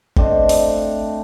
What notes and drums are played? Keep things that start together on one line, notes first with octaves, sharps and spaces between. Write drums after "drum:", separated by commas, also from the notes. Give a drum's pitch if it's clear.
A3 C4 D4 D#5, drum: kick G1
drum: open hi-hat